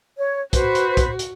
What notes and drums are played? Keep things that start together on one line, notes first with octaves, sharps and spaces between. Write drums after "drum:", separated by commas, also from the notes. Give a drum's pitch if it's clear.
C#5
F#4 B4 C5, drum: kick, hi-hat
drum: hi-hat
drum: kick, hi-hat
drum: hi-hat